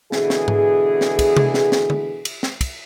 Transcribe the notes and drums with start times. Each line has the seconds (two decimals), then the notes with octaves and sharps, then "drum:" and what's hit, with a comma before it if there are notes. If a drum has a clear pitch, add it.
0.12 B2 D3 E3 G#4, drum: snare
0.30 drum: snare
0.48 drum: tom G#2
1.01 drum: snare
1.19 drum: kick, cymbal
1.37 drum: tom C3
1.54 drum: snare
1.72 drum: snare
1.90 drum: tom
2.25 drum: cymbal
2.43 drum: snare
2.61 drum: kick, cymbal